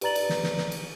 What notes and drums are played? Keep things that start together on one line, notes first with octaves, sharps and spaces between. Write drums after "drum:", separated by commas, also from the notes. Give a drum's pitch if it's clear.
G4 B4 D5 A#5 A6 F#7, drum: cymbal
drum: cymbal
drum: snare
drum: snare
drum: snare
drum: cymbal